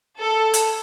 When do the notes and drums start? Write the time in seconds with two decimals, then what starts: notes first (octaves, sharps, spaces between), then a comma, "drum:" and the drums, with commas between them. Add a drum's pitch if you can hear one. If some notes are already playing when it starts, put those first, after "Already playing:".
0.20 A4
0.54 drum: hi-hat